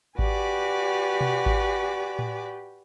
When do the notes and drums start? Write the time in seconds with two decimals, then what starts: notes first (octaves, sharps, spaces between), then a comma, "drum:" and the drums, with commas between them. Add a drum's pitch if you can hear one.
0.19 F#4 G4 B4 D5 G#5, drum: kick G#1
1.21 drum: tom B2
1.46 drum: kick G#1
2.19 drum: tom A2